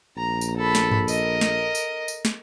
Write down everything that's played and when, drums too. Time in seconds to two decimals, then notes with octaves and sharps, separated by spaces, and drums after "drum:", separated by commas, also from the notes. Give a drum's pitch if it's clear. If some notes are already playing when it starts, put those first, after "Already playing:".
0.17 A#1 A#5
0.41 drum: tambourine
0.56 A4 B5
0.75 drum: snare
0.91 drum: tom G2
1.08 A#4 D#5, drum: tambourine
1.41 drum: snare
1.75 drum: tambourine
2.08 drum: tambourine
2.25 drum: snare